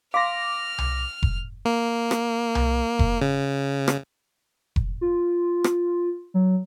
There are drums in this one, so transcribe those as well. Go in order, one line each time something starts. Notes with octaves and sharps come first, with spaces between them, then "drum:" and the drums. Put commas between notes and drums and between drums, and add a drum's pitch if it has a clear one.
F5 C6 D6 F6 A#6
drum: tom C2
drum: kick F1
A#3
drum: rim click
drum: tom C2
drum: kick F1
C#3
drum: rim click
drum: kick F1
F4
drum: rim click
F#3